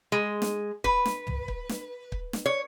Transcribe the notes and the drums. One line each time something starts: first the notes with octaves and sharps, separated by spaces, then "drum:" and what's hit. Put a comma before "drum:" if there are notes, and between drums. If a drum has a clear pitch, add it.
G#3
drum: snare
B4, drum: kick
drum: snare
drum: tom
drum: kick
drum: snare
drum: kick
drum: snare
C#5